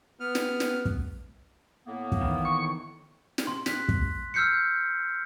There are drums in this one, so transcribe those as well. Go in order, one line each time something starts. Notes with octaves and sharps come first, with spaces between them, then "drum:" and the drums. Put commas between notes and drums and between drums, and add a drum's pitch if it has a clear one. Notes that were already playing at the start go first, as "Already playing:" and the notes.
B3 F6
drum: snare
drum: snare
drum: kick
A2 A#3 B3
drum: kick
D#3 E3
C#6
drum: snare
C6
F#6 B6, drum: snare
drum: kick
E6 F6 G6 C7 C#7